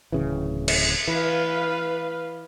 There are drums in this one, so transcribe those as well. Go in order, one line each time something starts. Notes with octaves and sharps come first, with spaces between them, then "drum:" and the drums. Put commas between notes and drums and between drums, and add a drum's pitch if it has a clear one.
D1 C#3 E3
drum: cymbal
E3 B4 F5